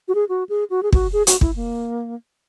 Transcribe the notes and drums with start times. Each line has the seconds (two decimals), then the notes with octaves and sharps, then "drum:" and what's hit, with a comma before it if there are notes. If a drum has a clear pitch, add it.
0.08 F#4
0.15 G#4
0.29 F#4
0.49 G#4
0.70 F#4
0.83 G#4
0.92 F#4, drum: kick
1.13 G#4
1.27 F#4, drum: hi-hat
1.41 E4, drum: kick
1.56 A#3